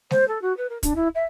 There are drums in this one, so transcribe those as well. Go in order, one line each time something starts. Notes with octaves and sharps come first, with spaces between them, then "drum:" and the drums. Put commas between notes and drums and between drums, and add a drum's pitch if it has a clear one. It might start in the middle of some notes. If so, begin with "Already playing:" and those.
C5, drum: snare G#3
A4
F#4
B4
A#4
D4, drum: kick, hi-hat
E4
E5